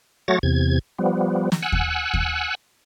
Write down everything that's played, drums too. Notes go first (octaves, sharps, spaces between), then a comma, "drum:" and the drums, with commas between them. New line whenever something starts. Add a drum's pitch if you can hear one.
F#3 A3 F#4 C#5 A6 A#6
E2 C3 G#6
F3 G3 B3
drum: snare
F#5 G#5 E6 F#6
drum: kick D#2
drum: kick D#2